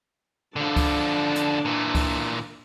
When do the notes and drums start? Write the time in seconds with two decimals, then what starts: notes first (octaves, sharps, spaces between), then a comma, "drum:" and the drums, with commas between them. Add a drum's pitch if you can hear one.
0.56 D3 F3 D4 A5
0.76 drum: kick C#2, open hi-hat
1.36 drum: hi-hat
1.65 A#2 E3
1.95 drum: kick C#2, open hi-hat